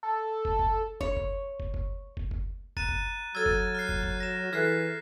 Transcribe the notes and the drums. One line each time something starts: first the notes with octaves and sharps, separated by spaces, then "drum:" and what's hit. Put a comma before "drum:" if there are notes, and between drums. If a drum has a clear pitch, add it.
A4
drum: kick
drum: kick
C#5, drum: kick
drum: kick
drum: kick
drum: kick
drum: kick
drum: kick
A#5 F#6 A6 D#7 E7, drum: kick
drum: kick
F#3 A4 E6 F6 G#6 A6 D#7
drum: kick
F6 F#6 C7
drum: kick
drum: kick
A#6 E7
E3 G#4 A4 F6 F#6 B6 C7